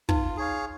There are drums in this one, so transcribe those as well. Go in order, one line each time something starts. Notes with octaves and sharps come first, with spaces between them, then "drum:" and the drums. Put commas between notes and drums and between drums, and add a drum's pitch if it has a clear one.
D#4 F4, drum: kick
G#4 C#5 F5